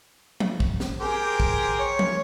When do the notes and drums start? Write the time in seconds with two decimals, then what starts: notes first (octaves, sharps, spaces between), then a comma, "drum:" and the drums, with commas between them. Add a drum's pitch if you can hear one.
0.40 drum: tom F3
0.60 drum: kick
0.80 drum: snare
1.01 G4 G#4 A#4 C5
1.40 drum: kick
1.79 C#5
1.99 drum: tom F3